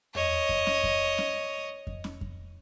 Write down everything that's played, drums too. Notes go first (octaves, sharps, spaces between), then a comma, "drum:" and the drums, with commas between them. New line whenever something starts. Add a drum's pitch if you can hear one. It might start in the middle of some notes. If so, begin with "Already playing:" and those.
C#5 D#5, drum: tom E2
drum: kick F2
drum: snare C#4
drum: kick F2
drum: snare C#4
drum: kick F2
drum: snare C#4
drum: kick F2